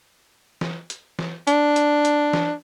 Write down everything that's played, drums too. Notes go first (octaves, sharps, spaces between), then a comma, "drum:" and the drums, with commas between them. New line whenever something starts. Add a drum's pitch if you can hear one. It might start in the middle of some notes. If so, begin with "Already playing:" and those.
drum: snare
drum: hi-hat
drum: snare
D4, drum: hi-hat
drum: hi-hat
drum: hi-hat
drum: snare